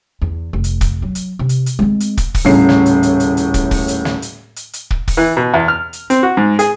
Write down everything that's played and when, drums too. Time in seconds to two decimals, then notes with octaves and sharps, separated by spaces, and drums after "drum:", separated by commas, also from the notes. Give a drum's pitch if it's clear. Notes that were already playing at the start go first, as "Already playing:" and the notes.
0.22 E2
0.53 F1
0.64 drum: hi-hat
0.81 drum: kick, hi-hat
1.02 F#3
1.15 drum: hi-hat
1.39 C3
1.49 drum: hi-hat
1.66 drum: hi-hat
1.79 G#3 C4
2.00 drum: hi-hat
2.17 drum: kick, hi-hat
2.35 drum: kick, open hi-hat
2.45 D#1 A2 C#3 C#4 C7
2.69 drum: snare
2.86 drum: hi-hat
3.03 drum: hi-hat
3.20 drum: hi-hat
3.37 drum: hi-hat
3.54 drum: kick, hi-hat
3.71 drum: kick, open hi-hat
3.88 drum: hi-hat
4.05 drum: snare
4.22 drum: hi-hat
4.56 drum: hi-hat
4.73 drum: hi-hat
4.91 drum: kick
5.08 drum: kick, open hi-hat
5.17 E3
5.37 B2
5.54 E2
5.68 F6
5.93 drum: hi-hat
6.10 C4, drum: hi-hat
6.23 F#4
6.37 G#2
6.59 G#4, drum: hi-hat